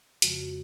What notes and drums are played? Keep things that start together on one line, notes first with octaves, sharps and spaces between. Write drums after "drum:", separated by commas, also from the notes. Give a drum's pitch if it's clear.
F2 C#3 F3 G#3 F#4, drum: hi-hat
F#4
F#4